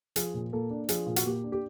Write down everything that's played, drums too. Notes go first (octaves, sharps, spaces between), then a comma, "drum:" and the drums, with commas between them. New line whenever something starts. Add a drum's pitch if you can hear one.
F3 G#4, drum: hi-hat
A#2
A#3 A4
D4
F3 G#4, drum: hi-hat
A#2 F4
F#4, drum: hi-hat
A#3 G4
D4
G4